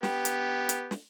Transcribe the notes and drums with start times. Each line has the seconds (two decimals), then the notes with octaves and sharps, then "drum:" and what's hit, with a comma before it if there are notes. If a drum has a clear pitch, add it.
0.03 B3 G4, drum: snare
0.25 drum: hi-hat
0.69 drum: hi-hat
0.91 drum: snare